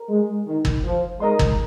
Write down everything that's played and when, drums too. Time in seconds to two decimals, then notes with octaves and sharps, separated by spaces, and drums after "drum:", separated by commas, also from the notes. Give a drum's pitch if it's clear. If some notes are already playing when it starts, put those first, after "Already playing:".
Already playing: A#4
0.09 G#3
0.46 D#3
0.65 drum: kick
0.83 F3
1.20 G#3 D#4 A#4 D#5 C6
1.39 drum: kick